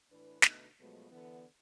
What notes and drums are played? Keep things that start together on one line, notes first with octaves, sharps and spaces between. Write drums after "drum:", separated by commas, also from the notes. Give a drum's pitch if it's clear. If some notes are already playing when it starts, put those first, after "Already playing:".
A2 E3 D4 B4
B2 D3 A3 B3 D#4, drum: snare
B2 F3 F#3 G#3 A3 B3
D3 E3 B3